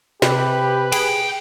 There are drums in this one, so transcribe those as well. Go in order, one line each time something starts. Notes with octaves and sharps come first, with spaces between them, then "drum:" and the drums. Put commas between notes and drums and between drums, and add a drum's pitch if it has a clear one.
C3 G4 B4, drum: snare
G#4 G5, drum: cymbal